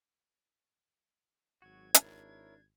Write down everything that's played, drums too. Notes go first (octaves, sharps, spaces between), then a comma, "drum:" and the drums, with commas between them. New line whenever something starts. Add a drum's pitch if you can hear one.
G#1 F#3 F#4 G#6
D4 E4 A#4 C#5, drum: hi-hat